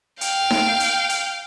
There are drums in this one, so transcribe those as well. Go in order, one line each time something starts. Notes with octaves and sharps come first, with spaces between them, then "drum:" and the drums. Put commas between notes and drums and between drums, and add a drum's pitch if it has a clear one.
F5 G5, drum: hi-hat
drum: snare D#4
drum: hi-hat
drum: hi-hat